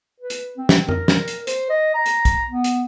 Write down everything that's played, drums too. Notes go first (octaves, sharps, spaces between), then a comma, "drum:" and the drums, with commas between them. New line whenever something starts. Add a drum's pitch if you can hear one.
B4
drum: hi-hat
C4
drum: snare
A#4, drum: tom F2
drum: snare
drum: hi-hat
C5, drum: hi-hat
D#5
A#5
drum: hi-hat
drum: kick, hi-hat
B3
drum: hi-hat